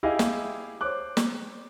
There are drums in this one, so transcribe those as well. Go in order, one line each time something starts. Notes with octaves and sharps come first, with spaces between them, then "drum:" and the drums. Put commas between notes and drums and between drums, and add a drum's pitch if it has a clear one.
E4 G4 G#4 D#5 F5
drum: snare
C5 C#5 D6 F#6
drum: snare